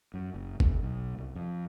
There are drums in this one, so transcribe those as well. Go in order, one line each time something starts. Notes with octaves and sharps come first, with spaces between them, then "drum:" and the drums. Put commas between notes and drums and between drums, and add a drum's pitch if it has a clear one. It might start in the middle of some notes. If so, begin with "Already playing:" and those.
F#2
F#1
E1, drum: kick G1
B1
C2
F2